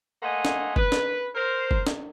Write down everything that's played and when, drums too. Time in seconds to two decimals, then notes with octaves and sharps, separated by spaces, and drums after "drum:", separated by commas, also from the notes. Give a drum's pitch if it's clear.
0.23 A3 A#3 C5 D#5 F#5 G#5
0.45 drum: snare
0.76 B4, drum: kick
0.92 drum: snare
1.35 A#4 C5
1.71 drum: kick
1.87 drum: snare